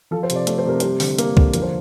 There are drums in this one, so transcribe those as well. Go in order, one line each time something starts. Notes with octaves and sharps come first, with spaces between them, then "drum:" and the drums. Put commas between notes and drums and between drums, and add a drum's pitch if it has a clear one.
F3 A4
C5
C3, drum: hi-hat
D5
A3 D5, drum: hi-hat
C5
C3 A#4
G3 C5, drum: hi-hat
D3, drum: open hi-hat
A#3, drum: hi-hat
D3, drum: kick
F3 A#4, drum: hi-hat
C5